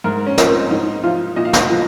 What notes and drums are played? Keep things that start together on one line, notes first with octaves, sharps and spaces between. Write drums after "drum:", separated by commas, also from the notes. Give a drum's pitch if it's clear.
G#2 A#4
C#4
F3, drum: snare
C4
G#2 D#4
F3 F4
A#2 D#5
F5
D#5, drum: snare
F3